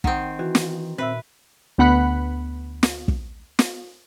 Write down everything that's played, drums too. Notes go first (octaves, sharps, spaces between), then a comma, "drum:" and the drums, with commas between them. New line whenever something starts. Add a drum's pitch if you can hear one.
D#3 C4 F#5 D#6, drum: kick
E3 F#4
drum: snare
A#2 C4 B4 E5 E6
D2 B3 F#5 B5 F#6
drum: snare
drum: kick
drum: snare